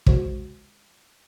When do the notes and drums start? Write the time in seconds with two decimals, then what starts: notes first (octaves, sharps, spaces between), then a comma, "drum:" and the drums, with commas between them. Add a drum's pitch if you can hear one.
0.06 G#3 F#4 C5 E7, drum: kick